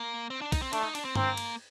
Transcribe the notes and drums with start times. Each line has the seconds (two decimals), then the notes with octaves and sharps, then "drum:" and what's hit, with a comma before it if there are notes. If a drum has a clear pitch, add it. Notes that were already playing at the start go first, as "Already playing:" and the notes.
Already playing: A#3
0.30 C4
0.41 D4
0.52 D#4, drum: kick, cymbal
0.62 C4
0.73 A3 D4, drum: cymbal
0.83 D#4
0.95 D4, drum: cymbal
1.05 C4
1.15 A#3 C4, drum: tom G2
1.37 drum: cymbal